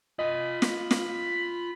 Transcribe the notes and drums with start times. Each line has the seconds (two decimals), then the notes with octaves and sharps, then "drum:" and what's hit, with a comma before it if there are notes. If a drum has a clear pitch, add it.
0.19 F4 D#5 G#5 B5
0.62 drum: snare
0.91 drum: snare